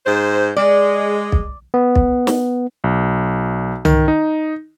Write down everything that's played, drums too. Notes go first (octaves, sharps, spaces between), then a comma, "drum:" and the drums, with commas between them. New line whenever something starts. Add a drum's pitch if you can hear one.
G#2 C5
G#3 D5
drum: kick
B3
drum: kick
drum: snare
B1
D#3, drum: tom C2
D#4